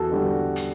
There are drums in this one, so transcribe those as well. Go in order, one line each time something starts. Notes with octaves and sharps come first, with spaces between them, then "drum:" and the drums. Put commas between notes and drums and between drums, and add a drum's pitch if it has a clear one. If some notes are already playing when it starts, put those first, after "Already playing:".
Already playing: E2 F#4 A4
D3 G3
drum: hi-hat